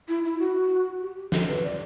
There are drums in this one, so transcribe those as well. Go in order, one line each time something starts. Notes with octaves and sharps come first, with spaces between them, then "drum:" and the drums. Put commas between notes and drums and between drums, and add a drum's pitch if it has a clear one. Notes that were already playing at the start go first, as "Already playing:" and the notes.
E4
E4
F#4
G4
G4
A4, drum: snare
B4
D5